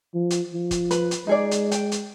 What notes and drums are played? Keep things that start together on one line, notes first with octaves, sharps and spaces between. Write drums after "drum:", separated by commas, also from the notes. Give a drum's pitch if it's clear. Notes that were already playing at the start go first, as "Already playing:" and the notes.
F3
drum: hi-hat
F3
drum: kick, hi-hat
B4, drum: hi-hat
drum: hi-hat
G#3 D#4 G#4 D5
drum: hi-hat
G5, drum: hi-hat
drum: hi-hat